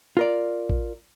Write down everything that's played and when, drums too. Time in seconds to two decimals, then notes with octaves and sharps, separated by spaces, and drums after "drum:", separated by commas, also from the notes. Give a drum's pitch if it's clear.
0.17 F4 A#4 D5
0.69 drum: kick A1